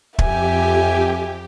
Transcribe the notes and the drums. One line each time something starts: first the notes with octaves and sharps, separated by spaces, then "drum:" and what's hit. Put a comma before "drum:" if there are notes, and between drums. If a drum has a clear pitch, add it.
F2 G4 E5 G#5, drum: kick